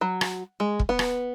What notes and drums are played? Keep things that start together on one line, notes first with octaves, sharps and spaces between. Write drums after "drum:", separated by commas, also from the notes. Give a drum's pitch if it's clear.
F#3
drum: rim click
G#3
drum: kick
B3
drum: rim click